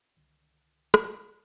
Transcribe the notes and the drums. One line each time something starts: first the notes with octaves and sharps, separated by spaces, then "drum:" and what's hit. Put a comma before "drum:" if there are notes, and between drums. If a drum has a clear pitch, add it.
C2 D3 D#3
drum: rim click